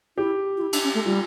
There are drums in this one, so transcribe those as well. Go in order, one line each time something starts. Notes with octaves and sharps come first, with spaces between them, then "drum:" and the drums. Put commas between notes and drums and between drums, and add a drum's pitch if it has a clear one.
E4 G4
F4
E4
D4, drum: cymbal
C#4
A3
G3 F4